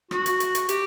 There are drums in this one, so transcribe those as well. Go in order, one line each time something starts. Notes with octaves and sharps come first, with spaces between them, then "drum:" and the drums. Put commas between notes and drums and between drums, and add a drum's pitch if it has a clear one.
F#4, drum: rim click
drum: hi-hat
drum: hi-hat
drum: hi-hat
G4, drum: hi-hat